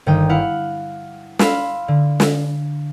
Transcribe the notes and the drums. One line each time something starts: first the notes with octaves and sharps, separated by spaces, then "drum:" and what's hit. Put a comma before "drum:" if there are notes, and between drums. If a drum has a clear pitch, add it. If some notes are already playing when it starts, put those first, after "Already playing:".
G1 D#3 G5 D#6
E4 F5 F#5
F5 B5 C6 E6 F6 C7, drum: snare
D3
drum: snare